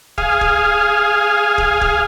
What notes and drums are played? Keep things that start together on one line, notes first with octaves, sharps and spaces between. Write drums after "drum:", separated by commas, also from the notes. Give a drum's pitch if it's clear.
G#4 F5, drum: kick
drum: kick
drum: kick
drum: kick